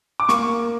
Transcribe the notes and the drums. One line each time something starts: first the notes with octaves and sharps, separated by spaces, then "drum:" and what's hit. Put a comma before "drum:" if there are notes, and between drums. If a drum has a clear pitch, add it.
D6
A#3 C#6, drum: snare